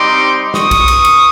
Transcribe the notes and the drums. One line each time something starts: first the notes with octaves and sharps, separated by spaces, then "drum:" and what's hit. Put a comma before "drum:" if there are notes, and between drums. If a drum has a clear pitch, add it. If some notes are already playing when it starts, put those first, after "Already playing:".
Already playing: G3 C4 D#4 C6 D6
C#6 D#6, drum: snare
drum: kick, cymbal
drum: cymbal
drum: cymbal